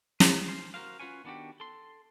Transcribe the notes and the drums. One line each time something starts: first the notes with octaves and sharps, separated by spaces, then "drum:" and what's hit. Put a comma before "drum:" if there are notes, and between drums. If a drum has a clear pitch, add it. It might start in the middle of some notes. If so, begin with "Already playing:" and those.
B4, drum: snare
C#4 C5
F#4 A#4 C5 F5
C#4 F4 F#4 B4 C#5 G#5
D#3 B3 D4 F#4 G4
A4 C6